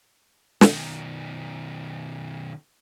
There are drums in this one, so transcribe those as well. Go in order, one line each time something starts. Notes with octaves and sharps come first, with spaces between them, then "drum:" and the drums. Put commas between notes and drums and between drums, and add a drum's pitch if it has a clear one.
B2 D#3, drum: snare